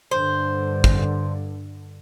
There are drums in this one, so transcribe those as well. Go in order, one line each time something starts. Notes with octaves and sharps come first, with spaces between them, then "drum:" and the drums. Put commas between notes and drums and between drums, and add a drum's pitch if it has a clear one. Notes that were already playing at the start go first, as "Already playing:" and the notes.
G2 D3 C5
drum: kick